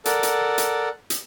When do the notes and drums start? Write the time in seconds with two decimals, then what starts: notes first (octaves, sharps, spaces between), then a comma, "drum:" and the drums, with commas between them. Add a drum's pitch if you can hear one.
0.05 A4 A#4 D5 F#5, drum: hi-hat
0.23 drum: hi-hat
0.58 drum: hi-hat
1.10 drum: hi-hat